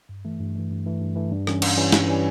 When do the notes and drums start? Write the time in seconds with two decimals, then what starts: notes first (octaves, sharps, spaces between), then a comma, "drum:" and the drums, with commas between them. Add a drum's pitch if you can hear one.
0.09 G2
0.25 E3 A3
0.40 G2
0.56 E3 A3
0.70 G2
0.86 E3 A3
1.01 G2
1.16 E3 A3
1.31 G2
1.47 E3 G3 C#4, drum: rim click
1.62 G2, drum: cymbal
1.77 E3 G3 C#4
1.92 G2, drum: snare
2.08 E3 G3 C#4